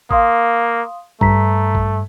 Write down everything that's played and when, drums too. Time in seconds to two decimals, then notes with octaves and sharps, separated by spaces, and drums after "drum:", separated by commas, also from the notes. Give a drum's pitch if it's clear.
0.11 A#3 F5 C6 D#6, drum: kick A1
1.21 G2 A3 A#5 B6, drum: kick A1
1.75 drum: kick A1